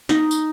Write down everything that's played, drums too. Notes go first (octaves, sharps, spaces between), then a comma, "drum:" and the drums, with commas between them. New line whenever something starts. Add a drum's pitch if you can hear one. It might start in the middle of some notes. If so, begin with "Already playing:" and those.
D#4, drum: snare
drum: tambourine